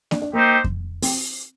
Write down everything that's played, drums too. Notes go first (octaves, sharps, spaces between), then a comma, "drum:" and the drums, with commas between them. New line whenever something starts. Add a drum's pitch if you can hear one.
D4, drum: snare A#3
D4
A#3 C4 D#4 G4 C5
drum: kick F2
C4, drum: open hi-hat